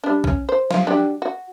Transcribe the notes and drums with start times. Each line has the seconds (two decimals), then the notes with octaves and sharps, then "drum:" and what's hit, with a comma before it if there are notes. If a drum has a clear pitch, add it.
0.04 G3 D4
0.24 C#4, drum: kick A#1
0.49 C5
0.71 F4, drum: snare
0.87 D4 F#4 G4
1.22 F#4